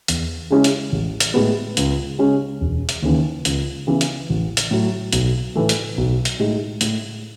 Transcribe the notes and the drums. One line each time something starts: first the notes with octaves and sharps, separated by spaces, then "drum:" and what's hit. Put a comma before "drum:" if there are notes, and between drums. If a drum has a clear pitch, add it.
E2, drum: hi-hat
C#3 G#3 C#4 E4
drum: hi-hat
A1
drum: hi-hat
A2 G#3 B3
C#2, drum: hi-hat
C#3 G#3 C#4
E1
drum: hi-hat
D#2 C#3 E3
C#2, drum: hi-hat
C#3 E3 B3
drum: hi-hat
A1
drum: hi-hat
A2 F#3
B1, drum: hi-hat
A2 E3 A3
drum: hi-hat
B1
drum: hi-hat
A2 G#3 D#4
A2, drum: hi-hat